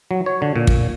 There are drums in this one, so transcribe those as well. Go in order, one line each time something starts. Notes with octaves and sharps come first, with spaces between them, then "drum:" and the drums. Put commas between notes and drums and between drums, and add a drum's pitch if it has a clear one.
F#3
C#5
D3
A#2
drum: kick